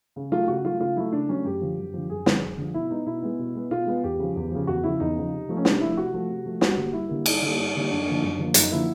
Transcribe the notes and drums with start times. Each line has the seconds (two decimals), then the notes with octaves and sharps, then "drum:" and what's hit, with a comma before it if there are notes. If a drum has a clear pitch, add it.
0.16 C#3
0.32 F#3 A3 F4
0.48 C#3 F#4
0.65 F#3 A3 F4
0.80 C#3 F4
0.96 F#3 A3 E4
1.12 C#3 D4
1.29 F#3 A3 C#4
1.45 F#2 G4
1.61 D3 F3
1.78 F#2
1.93 D3 F3
2.10 F#2 G#4
2.26 D3 F3, drum: snare
2.42 F#2
2.58 D3 F3
2.74 B2 E4
2.90 G#3 B3 D#4
3.06 B2 E4
3.23 G#3 B3
3.39 B2
3.55 G#3 B3
3.71 B2 F4
3.87 G#3 B3
4.04 E2 G4
4.19 C#3 F3
4.36 E2
4.51 C#3 F3
4.67 E2 F#4
4.83 C#3 F3 E4
5.00 E2 D#4
5.16 C#3 F3
5.32 C3
5.49 F3 A3
5.57 C#4
5.65 C3 D4, drum: snare
5.80 F3 A3 E4
5.97 C3 F#4
6.13 F3 A3
6.29 C3
6.45 F3 A3
6.61 G2 F#4, drum: snare
6.77 D3 G3 A#3
6.93 G2 E4
7.09 D3 G3 A#3
7.26 G2, drum: cymbal
7.42 D3 G3 A#3
7.58 G2
7.74 D3 G3 A#3
7.90 F#2 D4
8.06 D3 F3 A#3
8.23 F#2
8.39 D3 F3 A#3
8.54 F#2 D#4, drum: hi-hat
8.71 D3 F3 A#3 E4